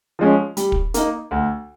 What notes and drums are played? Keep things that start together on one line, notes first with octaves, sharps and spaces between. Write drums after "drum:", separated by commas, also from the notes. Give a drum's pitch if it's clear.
F3 G#3 C#4
G3, drum: hi-hat
drum: kick
A#3 D#4, drum: hi-hat
D2